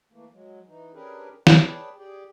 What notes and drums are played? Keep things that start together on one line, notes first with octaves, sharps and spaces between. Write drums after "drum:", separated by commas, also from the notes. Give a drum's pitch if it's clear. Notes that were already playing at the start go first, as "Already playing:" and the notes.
E3 A3 A#3
F#3 G#3
E3 D#4
C#4 D4 G4 G#4 A#4 B4
G#4 B4 C#5 D5 G5 A5, drum: snare
G4 G#4 D5 G5